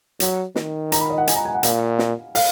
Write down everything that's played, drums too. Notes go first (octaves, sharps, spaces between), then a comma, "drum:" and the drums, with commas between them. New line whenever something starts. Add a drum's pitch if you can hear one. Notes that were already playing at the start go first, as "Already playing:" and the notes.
F#3, drum: hi-hat
D#3, drum: snare
A#5, drum: hi-hat
B5
D#5
F#5
G#5, drum: hi-hat
A#5
G#5
F#5
A#2 F5, drum: hi-hat
drum: snare
F5, drum: open hi-hat